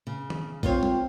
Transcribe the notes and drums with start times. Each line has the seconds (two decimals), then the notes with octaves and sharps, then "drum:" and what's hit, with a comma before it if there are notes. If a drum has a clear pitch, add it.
0.07 C#3
0.30 drum: tom D#3
0.63 C4 F4 C5 C#5, drum: kick
0.83 drum: tom